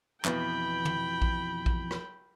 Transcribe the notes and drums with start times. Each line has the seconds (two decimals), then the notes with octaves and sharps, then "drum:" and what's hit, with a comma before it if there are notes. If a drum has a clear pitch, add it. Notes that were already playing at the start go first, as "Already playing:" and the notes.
0.25 F2 B2 E3 G5 B5, drum: clap
0.85 drum: tom
1.22 drum: kick A#1
1.66 drum: kick A#1
1.91 drum: rim click